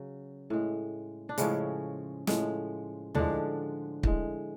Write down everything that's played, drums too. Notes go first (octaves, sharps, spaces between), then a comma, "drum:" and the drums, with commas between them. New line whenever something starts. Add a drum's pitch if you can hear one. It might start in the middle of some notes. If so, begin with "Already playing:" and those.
Already playing: C#3 F#3
A2 G#3
D4
A2 C#3 F3 G#3 C#4, drum: hi-hat
A2 F3 G#3, drum: snare
A2 D3 F3 G#3 D4, drum: tom
A2 G#3, drum: kick